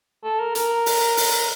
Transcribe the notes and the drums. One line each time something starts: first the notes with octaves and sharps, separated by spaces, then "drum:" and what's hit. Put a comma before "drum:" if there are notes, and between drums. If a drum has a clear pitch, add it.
A4
A#4
A#4, drum: hi-hat
drum: open hi-hat
drum: open hi-hat